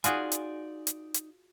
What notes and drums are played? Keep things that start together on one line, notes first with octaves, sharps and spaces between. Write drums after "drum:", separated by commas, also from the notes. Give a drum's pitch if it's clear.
D#4 F4 F#4 G#4 D5 G#5, drum: hi-hat
drum: hi-hat
drum: hi-hat
drum: hi-hat